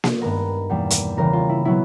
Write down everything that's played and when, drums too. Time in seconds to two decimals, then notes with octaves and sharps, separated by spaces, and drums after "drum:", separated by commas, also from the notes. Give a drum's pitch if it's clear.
0.04 drum: snare A#3
0.21 G2 D#3 G#3 B3 A#4
0.69 E2 B2 G3 A#3
0.90 drum: hi-hat
1.17 C#3 E3 G3 A#3 A#4
1.33 F4
1.49 E4
1.65 B2 F#3 B3 E4